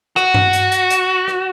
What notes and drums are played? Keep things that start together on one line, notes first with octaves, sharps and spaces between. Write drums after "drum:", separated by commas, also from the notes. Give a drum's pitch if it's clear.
F#4, drum: rim click
drum: tom G2
drum: hi-hat
drum: hi-hat
drum: hi-hat
drum: rim click